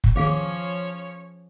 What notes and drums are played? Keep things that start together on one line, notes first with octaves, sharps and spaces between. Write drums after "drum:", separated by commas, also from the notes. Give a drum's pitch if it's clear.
drum: kick
D#2 F3 C#4 G#4 C#5 F5 D6